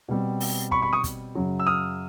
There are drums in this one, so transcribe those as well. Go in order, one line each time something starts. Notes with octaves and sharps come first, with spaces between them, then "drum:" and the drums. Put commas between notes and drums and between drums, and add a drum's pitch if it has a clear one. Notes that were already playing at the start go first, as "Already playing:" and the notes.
B2 G3 C4
drum: open hi-hat
B5 C#6, drum: kick
B5 C#6
C#6 D#6
drum: kick, hi-hat
F#2 C#3 F#3
E6
D#6 F6